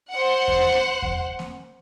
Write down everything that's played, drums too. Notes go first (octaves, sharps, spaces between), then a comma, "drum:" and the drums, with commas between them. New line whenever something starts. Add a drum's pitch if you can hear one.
C5 F#5
drum: kick E2
drum: snare A#3
drum: kick E2
drum: snare A#3